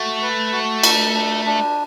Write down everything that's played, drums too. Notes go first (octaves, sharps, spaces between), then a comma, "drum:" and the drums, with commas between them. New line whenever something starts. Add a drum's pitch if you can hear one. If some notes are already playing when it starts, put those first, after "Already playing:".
Already playing: A3 F#4
B4
F#4
D4, drum: cymbal
D4
D4